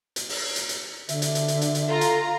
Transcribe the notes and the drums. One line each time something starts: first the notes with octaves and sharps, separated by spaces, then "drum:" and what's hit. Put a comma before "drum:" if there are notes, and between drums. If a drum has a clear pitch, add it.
drum: hi-hat
drum: open hi-hat
drum: hi-hat
drum: hi-hat
D3 E5, drum: hi-hat
drum: hi-hat
drum: hi-hat
drum: hi-hat
drum: hi-hat
drum: hi-hat
F4 A4 A#5
drum: hi-hat